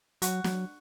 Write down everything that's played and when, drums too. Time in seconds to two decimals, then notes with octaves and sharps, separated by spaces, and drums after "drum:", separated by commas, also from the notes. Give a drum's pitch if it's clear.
0.22 F#3 F#4, drum: hi-hat
0.44 F#3, drum: snare